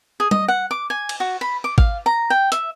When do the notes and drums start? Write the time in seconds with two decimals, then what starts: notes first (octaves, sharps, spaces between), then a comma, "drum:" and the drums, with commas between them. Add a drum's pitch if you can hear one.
0.20 G#4
0.31 D#5, drum: tom G3
0.48 F#5
0.71 D6
0.90 G#5
1.09 drum: cymbal
1.20 F#4
1.41 B5
1.64 D6
1.78 F5, drum: kick G#1
2.06 A#5
2.30 G5
2.52 E5, drum: hi-hat